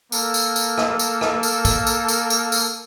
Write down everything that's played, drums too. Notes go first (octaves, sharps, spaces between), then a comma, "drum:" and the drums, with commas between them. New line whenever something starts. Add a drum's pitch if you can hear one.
A#3 A4 A#4, drum: tambourine
drum: tambourine
drum: tambourine
drum: rim click
drum: tambourine
drum: rim click
drum: tambourine
drum: kick, tambourine
drum: tambourine
drum: tambourine
drum: tambourine
drum: tambourine